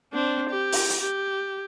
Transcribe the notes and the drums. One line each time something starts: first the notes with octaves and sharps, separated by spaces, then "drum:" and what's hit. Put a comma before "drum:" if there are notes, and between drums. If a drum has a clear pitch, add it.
C4 D4
G4
drum: open hi-hat
drum: hi-hat
G4